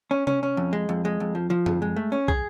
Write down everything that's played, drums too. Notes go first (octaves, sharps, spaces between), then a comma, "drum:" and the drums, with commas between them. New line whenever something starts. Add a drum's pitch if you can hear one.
C#4
C#4, drum: tom C3
C#4
F2
G#3
F2
G#3
F2
F3
F3
F2, drum: tom
G#3
A3
C#4
G#4, drum: kick